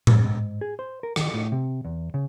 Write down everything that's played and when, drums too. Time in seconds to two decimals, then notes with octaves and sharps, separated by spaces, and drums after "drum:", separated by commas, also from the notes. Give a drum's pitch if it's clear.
0.07 F2, drum: tom A2
0.24 G#2
0.61 G#4
0.79 C5
1.03 A#4
1.16 D#3, drum: rim click
1.34 A2
1.52 C3
1.85 E2
2.14 C#3